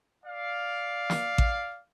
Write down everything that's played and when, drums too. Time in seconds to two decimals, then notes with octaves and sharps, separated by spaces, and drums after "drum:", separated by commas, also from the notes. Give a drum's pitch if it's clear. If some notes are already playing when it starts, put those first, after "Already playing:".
0.24 D5 F5
1.10 drum: snare
1.38 drum: kick A1